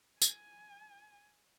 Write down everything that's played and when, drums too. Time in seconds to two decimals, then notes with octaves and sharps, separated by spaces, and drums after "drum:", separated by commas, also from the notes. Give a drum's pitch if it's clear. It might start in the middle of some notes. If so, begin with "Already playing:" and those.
0.22 G#5, drum: tambourine